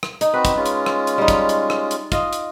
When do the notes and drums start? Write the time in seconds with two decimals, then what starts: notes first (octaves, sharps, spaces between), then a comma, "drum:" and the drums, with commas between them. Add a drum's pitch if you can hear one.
0.03 drum: rim click
0.21 D#4, drum: hi-hat
0.34 C4 F#4 B4
0.45 drum: kick, hi-hat
0.56 G#3 C#4 F4
0.66 drum: hi-hat
0.86 drum: rim click
1.07 drum: hi-hat
1.18 G3 D#4
1.28 drum: kick, hi-hat
1.49 drum: hi-hat
1.70 drum: rim click
1.91 drum: hi-hat
2.12 F4 D#5, drum: kick, hi-hat
2.33 drum: hi-hat